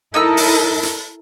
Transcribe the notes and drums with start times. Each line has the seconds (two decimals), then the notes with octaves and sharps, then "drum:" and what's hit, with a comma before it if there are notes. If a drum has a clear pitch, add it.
0.14 D#4 E4 A4 A#4 D#5 E6
0.37 drum: open hi-hat
0.83 drum: hi-hat